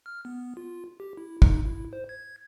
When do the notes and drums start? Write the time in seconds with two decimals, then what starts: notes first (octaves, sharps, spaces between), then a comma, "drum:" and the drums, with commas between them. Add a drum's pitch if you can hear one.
0.06 F6
0.25 B3
0.57 F4
1.00 G4
1.17 E4
1.42 D#4, drum: kick
1.65 E4
1.93 C5
2.09 G#6